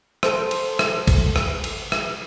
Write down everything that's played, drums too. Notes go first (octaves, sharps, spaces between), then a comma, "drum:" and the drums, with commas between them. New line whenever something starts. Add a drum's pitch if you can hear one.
A4 C5, drum: rim click
drum: cymbal
drum: rim click
drum: kick, cymbal
drum: rim click
drum: cymbal
drum: rim click